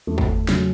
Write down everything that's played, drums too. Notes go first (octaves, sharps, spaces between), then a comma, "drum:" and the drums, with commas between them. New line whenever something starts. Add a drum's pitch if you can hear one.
E2 A3
drum: kick
C#3 F#3 C#4, drum: snare